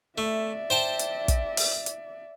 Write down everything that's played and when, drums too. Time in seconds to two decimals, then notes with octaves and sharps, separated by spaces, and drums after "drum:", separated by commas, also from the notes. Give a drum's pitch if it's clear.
0.18 A3 D5 E5
0.70 C5 G5 A5
0.99 drum: hi-hat
1.28 drum: kick, hi-hat
1.57 drum: open hi-hat
1.86 drum: hi-hat